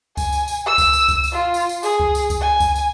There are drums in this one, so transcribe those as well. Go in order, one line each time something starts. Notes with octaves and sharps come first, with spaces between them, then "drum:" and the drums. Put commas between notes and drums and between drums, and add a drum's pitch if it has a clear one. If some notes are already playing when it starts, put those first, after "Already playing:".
G#5, drum: kick C#2, tambourine
drum: tambourine
drum: tambourine
E6
drum: kick C#2, tambourine
drum: tambourine
drum: kick C#2, tambourine
drum: tambourine
F4
drum: tambourine
drum: tambourine
G#4, drum: tambourine
drum: kick C#2
drum: tambourine
drum: kick C#2, tambourine
G#5
drum: kick C#2, tambourine
drum: tambourine